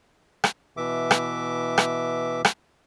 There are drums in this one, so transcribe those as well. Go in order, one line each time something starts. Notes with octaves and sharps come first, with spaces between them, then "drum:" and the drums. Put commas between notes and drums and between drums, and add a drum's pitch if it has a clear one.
drum: rim click
B2 E3 E5 D6
drum: rim click
drum: rim click
drum: rim click